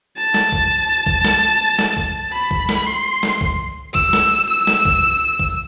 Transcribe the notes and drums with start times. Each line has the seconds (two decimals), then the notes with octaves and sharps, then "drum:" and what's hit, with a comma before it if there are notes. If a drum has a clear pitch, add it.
0.17 A5
0.34 drum: snare
0.52 drum: kick
1.07 drum: kick
1.25 drum: snare
1.79 drum: snare
1.97 drum: kick
2.33 B5
2.51 drum: kick
2.69 drum: snare
2.87 C6
3.23 drum: snare
3.41 drum: kick
3.95 E6, drum: kick
4.13 drum: snare
4.49 E6
4.67 drum: snare
4.85 drum: kick
5.39 drum: kick